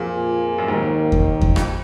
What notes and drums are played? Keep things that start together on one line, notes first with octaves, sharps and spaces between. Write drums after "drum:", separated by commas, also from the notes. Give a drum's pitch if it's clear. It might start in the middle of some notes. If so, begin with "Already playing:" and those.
Already playing: F2 A#2 F3 A#3 F4 G#4
F#2
D#2 G#2 D#3 A#3
drum: kick E2
drum: kick E2
F2, drum: rim click